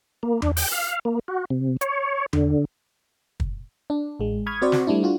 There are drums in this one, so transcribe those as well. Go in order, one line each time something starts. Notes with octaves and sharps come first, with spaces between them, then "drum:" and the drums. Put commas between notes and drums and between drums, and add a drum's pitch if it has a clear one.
A#3
D4, drum: tom E2
G5, drum: open hi-hat
F5
A#3
F#4
C3
C#5, drum: hi-hat
D3, drum: tom E2
drum: kick
D4
A1 G#3
B5 C#6 D#6 F6 G#6
C4 F#4 C5 D5 C#6
drum: snare
G3 A3 D4 E4
D4 F4 F#4